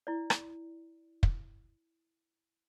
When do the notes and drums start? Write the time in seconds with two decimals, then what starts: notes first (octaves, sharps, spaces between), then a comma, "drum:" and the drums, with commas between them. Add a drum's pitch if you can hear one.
0.07 E4 D5
0.30 drum: rim click
1.23 drum: kick